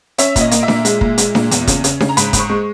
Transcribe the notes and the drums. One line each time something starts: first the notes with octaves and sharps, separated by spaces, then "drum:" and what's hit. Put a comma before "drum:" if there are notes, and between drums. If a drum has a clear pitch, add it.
C#4 E5, drum: hi-hat
A#2, drum: kick, hi-hat
D#5
A#3, drum: hi-hat
E5
A#2, drum: snare D4
G#3, drum: hi-hat
A#2, drum: kick
G#3, drum: hi-hat
A#2, drum: snare D4
E2, drum: hi-hat
C#3, drum: kick, hi-hat
C#3, drum: hi-hat
C#3, drum: snare D4
A#5
G#2 B5, drum: hi-hat
G#2, drum: kick, hi-hat
C#6
G#3